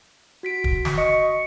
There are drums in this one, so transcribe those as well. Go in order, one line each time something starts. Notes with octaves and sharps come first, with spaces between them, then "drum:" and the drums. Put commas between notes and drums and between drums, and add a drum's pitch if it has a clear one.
F#4 B6 D7
drum: kick
drum: snare
D#5 C#6